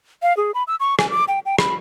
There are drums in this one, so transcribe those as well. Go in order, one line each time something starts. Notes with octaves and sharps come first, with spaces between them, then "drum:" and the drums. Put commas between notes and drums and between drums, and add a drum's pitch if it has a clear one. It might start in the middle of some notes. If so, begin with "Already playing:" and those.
F5
G#4
B5
E6
C#6
G#5, drum: rim click
D6
G5
G5
B5, drum: rim click